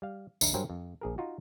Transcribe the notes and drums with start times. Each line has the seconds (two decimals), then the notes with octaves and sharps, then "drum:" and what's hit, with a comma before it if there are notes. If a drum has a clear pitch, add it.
0.02 G3 F5
0.41 A#1 D#2 D4 E5 A#5, drum: tambourine
0.54 G2 F#3 A#4 C5 G5 G#5
0.70 F2
1.01 A#1 G#4 A#4
1.18 D#4 F4 F#4